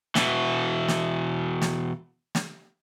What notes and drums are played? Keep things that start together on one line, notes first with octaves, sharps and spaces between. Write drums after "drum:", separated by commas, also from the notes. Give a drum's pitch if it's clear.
B2 E3, drum: snare
drum: snare
drum: snare
drum: snare